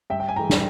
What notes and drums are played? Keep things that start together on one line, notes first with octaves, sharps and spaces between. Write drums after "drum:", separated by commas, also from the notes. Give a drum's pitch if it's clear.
G2 E5 G5
G5
G#5
E3 G#3 G5 A#5
drum: snare